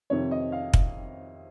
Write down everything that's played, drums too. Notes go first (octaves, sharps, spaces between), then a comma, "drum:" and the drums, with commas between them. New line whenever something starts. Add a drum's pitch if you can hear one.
F2 C3 D#3 C#5
D#5
F5
drum: kick